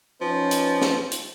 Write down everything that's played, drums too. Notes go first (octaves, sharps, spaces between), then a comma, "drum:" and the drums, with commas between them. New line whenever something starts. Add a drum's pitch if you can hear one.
F3 C#4 D#4 B4
drum: hi-hat
drum: snare
drum: hi-hat